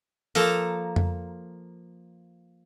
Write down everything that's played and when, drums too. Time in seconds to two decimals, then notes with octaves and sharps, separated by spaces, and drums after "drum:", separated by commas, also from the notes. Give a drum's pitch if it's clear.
0.35 F3 A#3 A4 A#5, drum: open hi-hat
0.96 drum: tom F2